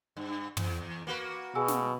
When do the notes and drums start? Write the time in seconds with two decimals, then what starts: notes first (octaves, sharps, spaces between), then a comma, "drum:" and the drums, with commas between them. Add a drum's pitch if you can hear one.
0.17 G2
0.57 E2, drum: tom
1.07 A#3 F#4 B4
1.55 B2 G#4 G#5 E6
1.68 drum: snare